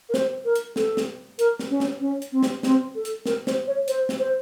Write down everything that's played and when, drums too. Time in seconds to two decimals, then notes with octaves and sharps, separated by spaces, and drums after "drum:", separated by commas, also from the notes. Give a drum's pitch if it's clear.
0.09 A#4
0.14 C5, drum: snare
0.45 A#4
0.55 drum: hi-hat
0.76 A4, drum: snare
0.97 drum: snare
1.39 A#4, drum: hi-hat
1.59 drum: snare
1.70 C#4
1.80 drum: snare
2.00 C#4
2.22 drum: hi-hat
2.32 C4
2.43 drum: snare
2.63 C4, drum: snare
2.95 A4
3.05 drum: hi-hat
3.26 A#4, drum: snare
3.47 C5, drum: snare
3.67 C#5
3.88 C5, drum: hi-hat
4.09 drum: snare
4.19 C5